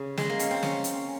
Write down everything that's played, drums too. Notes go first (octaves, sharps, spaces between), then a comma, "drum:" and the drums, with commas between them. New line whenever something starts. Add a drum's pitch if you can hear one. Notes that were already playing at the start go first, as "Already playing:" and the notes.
Already playing: C#3
G#3, drum: snare
A#3
C#4, drum: hi-hat
C4
C#4, drum: snare
drum: hi-hat